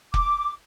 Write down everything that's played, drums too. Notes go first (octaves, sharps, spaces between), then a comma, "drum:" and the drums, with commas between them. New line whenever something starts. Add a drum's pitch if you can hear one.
D6, drum: kick F1